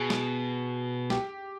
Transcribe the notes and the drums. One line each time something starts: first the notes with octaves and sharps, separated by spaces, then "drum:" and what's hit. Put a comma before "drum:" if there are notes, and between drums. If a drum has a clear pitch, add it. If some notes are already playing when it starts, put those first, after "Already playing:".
Already playing: B2 G#4
drum: snare
G4, drum: snare